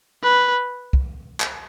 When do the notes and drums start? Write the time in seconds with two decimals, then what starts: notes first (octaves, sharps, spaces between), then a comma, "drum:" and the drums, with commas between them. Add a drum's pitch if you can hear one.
0.23 B4
0.93 drum: kick
1.40 drum: clap